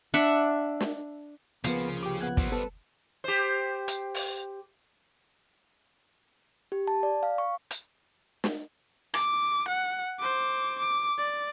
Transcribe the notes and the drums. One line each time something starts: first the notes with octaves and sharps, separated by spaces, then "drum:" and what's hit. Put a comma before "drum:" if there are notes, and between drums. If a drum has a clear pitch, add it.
D4 E5 F#5
drum: snare
C#2 F3 A#3 B3 G#4 F5, drum: hi-hat
G4 G5 D6
B3 F#5 F#6 G#6
G3 C4, drum: kick
B3 A4 B4
G4 C5
drum: hi-hat
drum: open hi-hat
G4
A5
D5
F5
C#6
drum: hi-hat
drum: snare
D6, drum: rim click
F#5
C5 D6
D6
D5